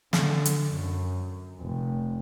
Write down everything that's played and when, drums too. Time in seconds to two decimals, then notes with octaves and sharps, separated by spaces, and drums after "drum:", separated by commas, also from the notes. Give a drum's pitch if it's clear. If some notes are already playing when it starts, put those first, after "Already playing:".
0.13 D3, drum: snare
0.45 drum: hi-hat
0.73 F#2
1.60 F1